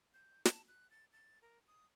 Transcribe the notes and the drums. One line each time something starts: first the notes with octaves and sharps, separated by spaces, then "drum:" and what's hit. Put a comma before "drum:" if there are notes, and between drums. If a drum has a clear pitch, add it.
G6
A5, drum: snare
F#6
A6
A6
A#4
D#6